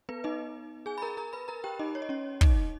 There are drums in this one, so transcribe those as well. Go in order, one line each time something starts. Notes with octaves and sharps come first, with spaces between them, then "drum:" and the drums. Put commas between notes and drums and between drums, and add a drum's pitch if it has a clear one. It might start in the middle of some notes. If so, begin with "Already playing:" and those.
B3 B4
D#4 D#5
G#4 G#5
B5
A#4 A#5
A#4 A#5
B4 B5
A#4 A#5
G4 G5
D#4 D#5
C#5
D#5
C#4 C#5
D#4 D#5, drum: kick